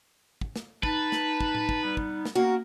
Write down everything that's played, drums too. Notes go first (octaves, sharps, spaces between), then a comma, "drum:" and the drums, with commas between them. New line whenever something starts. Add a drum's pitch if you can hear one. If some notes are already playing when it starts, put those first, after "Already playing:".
drum: kick
drum: snare
D#4 B4 A5, drum: kick
drum: snare
drum: kick
drum: tom A2
drum: kick
G3 B3
drum: kick
drum: snare
A#3 B3 C#4 F#4 A#4